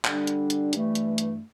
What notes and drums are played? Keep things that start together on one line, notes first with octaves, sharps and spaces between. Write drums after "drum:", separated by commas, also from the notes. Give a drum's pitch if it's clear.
D3 G3 D4, drum: clap
drum: hi-hat
drum: hi-hat
G2 E3 A3 D4, drum: hi-hat
drum: hi-hat
drum: hi-hat